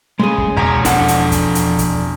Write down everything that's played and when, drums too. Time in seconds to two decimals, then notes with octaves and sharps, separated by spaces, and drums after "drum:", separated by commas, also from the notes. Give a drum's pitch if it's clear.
0.19 C#3 G#3 G#4
0.38 drum: kick
0.57 E1 C#5 G#5 A#5
0.85 F3 D4 A4 F#5, drum: kick, hi-hat
1.08 drum: hi-hat
1.32 drum: kick, hi-hat
1.55 drum: hi-hat
1.79 drum: kick, hi-hat